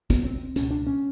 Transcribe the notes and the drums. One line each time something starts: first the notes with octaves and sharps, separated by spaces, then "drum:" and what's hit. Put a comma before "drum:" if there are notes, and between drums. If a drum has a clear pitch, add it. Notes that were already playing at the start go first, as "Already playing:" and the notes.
B3, drum: kick, hi-hat
C4
C#2 B2 C#4, drum: hi-hat
D4
C#4